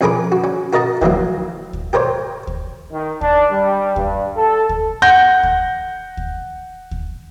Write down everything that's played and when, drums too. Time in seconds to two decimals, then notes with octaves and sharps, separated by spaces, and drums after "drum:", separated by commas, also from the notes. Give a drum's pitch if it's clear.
0.01 F2 C#4 G#4 A#4 B5 D6
0.32 F#4
0.44 C#4
0.73 F#4 A#4 D#5 A5 A#5
1.02 D#3 E3 F#3 A#3, drum: kick D2
1.73 drum: kick D2
1.93 G4 A#4 C5 C#5
2.47 drum: kick D2
2.92 D#3
3.21 D4, drum: kick D2
3.51 G3
3.96 G2, drum: kick D2
4.37 A4
4.69 drum: kick D2
5.02 F#5 G6 A#6
5.43 drum: kick D2
6.17 drum: kick D2
6.91 drum: kick D2